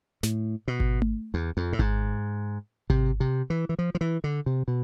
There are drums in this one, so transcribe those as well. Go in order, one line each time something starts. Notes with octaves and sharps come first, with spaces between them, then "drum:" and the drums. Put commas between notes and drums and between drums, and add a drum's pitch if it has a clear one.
A2, drum: snare
B2
drum: kick G#1
drum: tom A3
E2
F2
A2
G#2, drum: kick G#1
C3, drum: kick G#1
C3
E3
E3
F3
F3
E3
D3
C3
B2